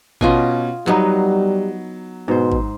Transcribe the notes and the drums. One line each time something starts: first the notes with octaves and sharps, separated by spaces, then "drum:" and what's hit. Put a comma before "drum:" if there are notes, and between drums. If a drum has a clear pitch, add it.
B2 C#4 F4 D#5 G#5, drum: kick G#1
F#3 G3 B3 D#4, drum: clap
G#2 B2 C5
drum: kick G#1